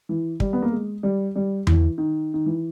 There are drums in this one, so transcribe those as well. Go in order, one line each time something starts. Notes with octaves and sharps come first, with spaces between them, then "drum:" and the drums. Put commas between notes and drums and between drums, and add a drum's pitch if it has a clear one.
E3
G3, drum: kick
B3
A#3
G#3
G3
G3
E3, drum: tom E2
D#3
D#3
E3